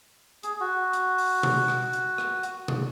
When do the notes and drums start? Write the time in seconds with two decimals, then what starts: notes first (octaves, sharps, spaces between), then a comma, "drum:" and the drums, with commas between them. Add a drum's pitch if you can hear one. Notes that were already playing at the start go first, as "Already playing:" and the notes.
0.43 G#4, drum: hi-hat
0.60 F#4
0.93 drum: hi-hat
1.18 drum: open hi-hat
1.43 drum: tom B2
1.68 drum: rim click
1.93 drum: hi-hat
2.18 drum: rim click
2.43 drum: hi-hat
2.68 drum: tom B2